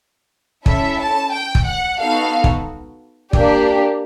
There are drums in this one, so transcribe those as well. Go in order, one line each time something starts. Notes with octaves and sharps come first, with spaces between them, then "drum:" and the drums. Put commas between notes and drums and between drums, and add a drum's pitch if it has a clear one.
C#4 E4 A4 E5, drum: kick
A5
G5
drum: kick
F#5
B3 D#4 F#4 A4 F5
drum: kick
A#3 D4 G4, drum: kick